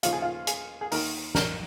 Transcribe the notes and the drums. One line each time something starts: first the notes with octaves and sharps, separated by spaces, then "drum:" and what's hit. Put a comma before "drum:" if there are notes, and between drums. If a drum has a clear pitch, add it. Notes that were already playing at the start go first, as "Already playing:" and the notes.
D#2 C#3 F3 F4, drum: hi-hat
G#4
F4
G#4, drum: hi-hat
G#4
D#2 D#3 A#4, drum: open hi-hat
A#4, drum: snare